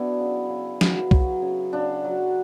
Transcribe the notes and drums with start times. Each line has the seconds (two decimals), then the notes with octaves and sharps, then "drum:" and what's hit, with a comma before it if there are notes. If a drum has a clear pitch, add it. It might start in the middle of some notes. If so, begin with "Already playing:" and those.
Already playing: F#3 B3 D4 E4
0.20 C#3
0.50 C#3
0.81 F#3, drum: snare
1.11 F#3, drum: kick C2
1.42 C#3
1.73 C#3 D4
2.04 F#3